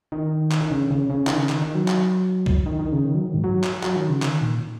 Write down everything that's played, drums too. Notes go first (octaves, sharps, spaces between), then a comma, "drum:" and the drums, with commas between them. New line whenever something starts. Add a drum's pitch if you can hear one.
D#3
drum: clap
D#3
C#3
D#3
C#3
C#3
D#3, drum: clap
C#3
D#3, drum: clap
D#3
F#3
drum: clap
drum: kick C2
D#3
D#3
C#3
D#3
F#3
D#3
G#2
F#3
drum: clap
F#3, drum: clap
D#3
C#3
D#3, drum: clap
A#2